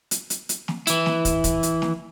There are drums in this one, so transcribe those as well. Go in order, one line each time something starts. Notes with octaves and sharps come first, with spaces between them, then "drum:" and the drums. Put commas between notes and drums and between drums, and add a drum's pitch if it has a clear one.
drum: hi-hat
drum: hi-hat
drum: hi-hat
drum: snare
E3 E4, drum: hi-hat
drum: snare
drum: kick, hi-hat
drum: kick, hi-hat
drum: hi-hat
drum: snare